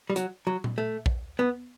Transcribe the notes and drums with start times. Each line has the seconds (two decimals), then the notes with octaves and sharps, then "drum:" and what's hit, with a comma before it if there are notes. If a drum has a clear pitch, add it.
0.10 G3
0.16 F#3, drum: hi-hat
0.47 F#3
0.64 drum: tom A#2
0.78 A3
1.06 drum: kick A#1
1.39 B3